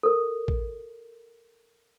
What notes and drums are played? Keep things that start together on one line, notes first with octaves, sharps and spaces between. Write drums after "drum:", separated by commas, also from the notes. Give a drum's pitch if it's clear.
A4 A#4
drum: kick